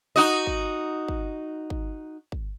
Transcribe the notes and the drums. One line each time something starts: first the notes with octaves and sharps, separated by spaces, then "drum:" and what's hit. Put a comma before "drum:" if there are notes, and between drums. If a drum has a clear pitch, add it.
D#4 F#4 D#5
drum: kick
drum: kick
drum: kick
drum: kick